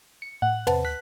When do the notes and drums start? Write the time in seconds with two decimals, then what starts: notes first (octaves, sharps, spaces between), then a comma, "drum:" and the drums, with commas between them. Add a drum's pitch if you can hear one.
0.22 C#7
0.42 A2 F#5
0.67 C3 B4 F#5 A5, drum: tom
0.85 F#6 B6